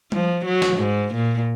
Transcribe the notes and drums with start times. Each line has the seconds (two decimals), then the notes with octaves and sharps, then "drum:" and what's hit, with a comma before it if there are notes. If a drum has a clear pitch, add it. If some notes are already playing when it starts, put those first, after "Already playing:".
0.12 F3, drum: tom G3
0.45 F#3
0.62 drum: snare
0.77 G#2
1.15 A#2